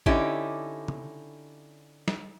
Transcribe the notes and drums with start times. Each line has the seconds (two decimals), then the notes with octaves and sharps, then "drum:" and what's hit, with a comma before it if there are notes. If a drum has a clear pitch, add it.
0.06 D3 C#4 D#4 E4 G4, drum: kick
0.88 drum: tom C#3
2.08 drum: snare